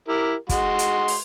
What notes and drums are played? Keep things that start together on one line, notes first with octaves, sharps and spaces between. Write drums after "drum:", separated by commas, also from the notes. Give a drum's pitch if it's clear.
E4 G4 A#4
G#3 F#4 C6, drum: kick, hi-hat
drum: hi-hat
drum: open hi-hat